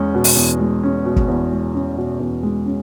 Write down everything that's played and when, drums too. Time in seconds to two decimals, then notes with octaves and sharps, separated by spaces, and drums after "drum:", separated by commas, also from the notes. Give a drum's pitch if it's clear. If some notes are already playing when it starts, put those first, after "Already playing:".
Already playing: E2 G#3 C#4
0.15 B2
0.24 drum: open hi-hat
0.36 E2
0.60 G#3
0.83 C#4
1.05 B2
1.16 drum: kick
1.28 E2
1.52 G#3
1.74 C#4
1.98 B2
2.20 E2
2.43 G#3
2.66 C#4